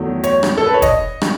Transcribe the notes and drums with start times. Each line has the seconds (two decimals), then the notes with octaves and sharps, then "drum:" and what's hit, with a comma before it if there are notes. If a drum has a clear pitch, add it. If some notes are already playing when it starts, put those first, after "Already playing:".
Already playing: E2 D#3 F#3 A3
0.24 C#5, drum: hi-hat
0.43 drum: rim click
0.58 A4
0.66 B4
0.74 C#5
0.82 D#5, drum: kick, hi-hat
1.22 drum: rim click